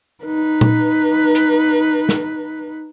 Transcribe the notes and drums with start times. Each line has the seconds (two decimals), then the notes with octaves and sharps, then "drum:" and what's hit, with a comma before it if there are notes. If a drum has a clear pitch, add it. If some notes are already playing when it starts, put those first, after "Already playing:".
0.24 D#4 B4
0.61 drum: tom A#2
1.35 drum: hi-hat
2.09 drum: snare